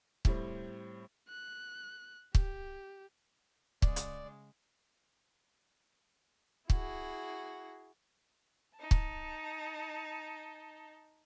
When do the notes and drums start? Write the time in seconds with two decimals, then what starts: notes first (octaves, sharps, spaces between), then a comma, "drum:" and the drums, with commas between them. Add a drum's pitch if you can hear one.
0.25 A2 G3 C4, drum: kick
1.28 F#6
2.35 G4, drum: kick
3.82 C#3 G#3 D5, drum: kick
3.96 drum: hi-hat
6.70 E4 F#4 G#4, drum: kick
8.78 D#4 A5
8.91 drum: kick